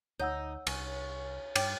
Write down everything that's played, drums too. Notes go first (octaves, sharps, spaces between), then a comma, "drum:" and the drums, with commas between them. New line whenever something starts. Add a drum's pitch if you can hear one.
D2 D#4 C#5 F#5 E6 G6
C2 C#4, drum: cymbal
G2 C#5 G5 D6, drum: cymbal